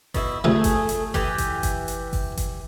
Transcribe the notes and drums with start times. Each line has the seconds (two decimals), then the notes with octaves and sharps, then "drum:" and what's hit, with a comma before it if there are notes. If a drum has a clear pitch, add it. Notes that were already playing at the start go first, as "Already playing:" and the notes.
0.14 B2 E4, drum: kick G1, open hi-hat
0.44 D2 C3 F3 A3 G#4
0.64 drum: kick G1, hi-hat
0.89 drum: hi-hat
1.14 E3 G4, drum: kick G1, open hi-hat
1.38 drum: kick G1, hi-hat
1.63 drum: kick G1, hi-hat
1.88 drum: hi-hat
2.13 drum: kick G1, open hi-hat
2.37 drum: kick G1, hi-hat